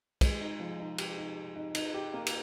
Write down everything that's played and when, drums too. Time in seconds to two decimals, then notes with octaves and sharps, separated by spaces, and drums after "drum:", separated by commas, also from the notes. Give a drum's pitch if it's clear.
0.21 G#3, drum: kick, cymbal
0.41 D#4
0.60 F3
0.80 D#4
0.98 G4, drum: cymbal
1.18 D#4
1.36 G4
1.56 D#4
1.75 D#4, drum: cymbal
1.94 G4
2.14 A#3
2.26 drum: cymbal